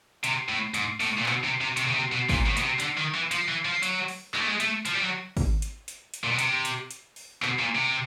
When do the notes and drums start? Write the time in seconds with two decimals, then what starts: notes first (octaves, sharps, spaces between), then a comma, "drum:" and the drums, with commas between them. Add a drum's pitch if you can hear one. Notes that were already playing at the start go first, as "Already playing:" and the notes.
0.24 C3, drum: hi-hat
0.48 A2
0.74 G#2, drum: hi-hat
1.00 A2, drum: open hi-hat
1.18 A#2
1.26 B2, drum: clap
1.44 C3
1.61 C3
1.77 C3, drum: hi-hat
1.87 C#3
1.94 C3
2.12 B2
2.29 A#2, drum: kick G#1, open hi-hat
2.46 A2
2.57 B2, drum: hi-hat
2.63 C3
2.80 D3, drum: hi-hat
2.98 D#3
3.15 E3
3.31 F3, drum: hi-hat
3.48 E3
3.65 F3
3.83 F#3, drum: hi-hat
4.08 drum: open hi-hat
4.34 G#3, drum: clap
4.41 A3
4.48 G#3
4.60 A3, drum: hi-hat
4.85 F3, drum: hi-hat
4.95 G3
5.02 F#3
5.37 drum: kick G#1, open hi-hat
5.62 drum: hi-hat
5.88 drum: hi-hat
6.14 drum: hi-hat
6.24 A#2
6.31 B2
6.39 C3, drum: hi-hat
6.65 drum: hi-hat
6.91 drum: hi-hat
7.16 drum: open hi-hat
7.42 B2, drum: clap
7.59 A#2
7.75 C3